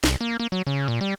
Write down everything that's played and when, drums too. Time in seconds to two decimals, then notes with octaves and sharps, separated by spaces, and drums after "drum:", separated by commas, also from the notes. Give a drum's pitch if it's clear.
0.04 C2, drum: snare
0.21 A#3
0.40 A#3
0.52 F#3
0.67 C#3
0.88 A#2
1.01 G3